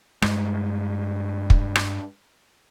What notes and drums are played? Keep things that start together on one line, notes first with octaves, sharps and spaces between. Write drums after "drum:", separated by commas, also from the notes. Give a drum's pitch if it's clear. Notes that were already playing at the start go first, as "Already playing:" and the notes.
G2 G#3, drum: rim click
drum: kick
drum: rim click